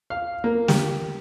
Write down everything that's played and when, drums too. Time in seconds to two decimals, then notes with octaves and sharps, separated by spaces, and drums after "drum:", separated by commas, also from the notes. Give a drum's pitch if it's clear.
0.10 F5
0.44 A#3
0.68 G4, drum: snare